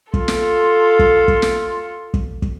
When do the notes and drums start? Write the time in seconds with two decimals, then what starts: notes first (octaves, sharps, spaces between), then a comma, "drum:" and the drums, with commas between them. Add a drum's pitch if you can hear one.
0.14 F4 A4, drum: kick
0.28 drum: snare
0.99 drum: kick
1.28 drum: kick
1.42 drum: snare
2.14 drum: kick
2.42 drum: kick